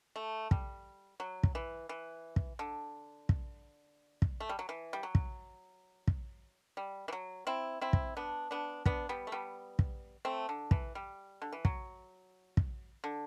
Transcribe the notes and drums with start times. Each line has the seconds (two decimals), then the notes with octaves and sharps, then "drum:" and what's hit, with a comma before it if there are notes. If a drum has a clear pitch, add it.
0.16 A3
0.51 G3, drum: kick
1.20 F#3
1.43 drum: kick
1.55 E3
1.89 E3
2.36 drum: kick
2.59 D3
3.29 drum: kick
4.22 drum: kick
4.40 A3
4.49 G3
4.59 F#3
4.69 E3
4.93 G3
5.03 F#3
5.15 drum: kick
6.08 drum: kick
6.77 G3
7.08 E3
7.13 F#3
7.47 C4 E4
7.81 C4 E4
7.93 drum: kick
8.17 B3 D4
8.51 B3 D4
8.86 B3 D4, drum: kick
9.09 G3 B3
9.27 A3
9.32 G3 B3
9.79 drum: kick
10.25 A3 C4
10.49 D3
10.71 E3, drum: kick
10.95 G3
11.42 D3
11.53 E3
11.65 F#3, drum: kick
12.57 drum: kick
13.04 D3